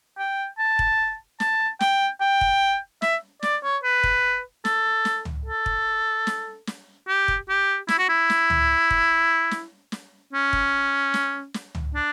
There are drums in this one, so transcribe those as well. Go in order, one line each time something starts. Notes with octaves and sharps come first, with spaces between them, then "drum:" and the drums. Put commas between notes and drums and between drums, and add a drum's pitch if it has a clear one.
G5
A5
drum: kick
A5, drum: snare
G5, drum: snare
G5
drum: kick
E5, drum: snare
D5, drum: snare
C#5
B4
drum: kick
A4, drum: snare
drum: snare
drum: tom C#2
A4
drum: kick
drum: snare
drum: snare
G4
drum: kick
G4
E4, drum: snare
F#4
E4
drum: snare
drum: tom C#2
drum: kick
drum: snare
drum: snare
C#4
drum: kick
drum: snare
drum: snare
drum: tom C#2
D4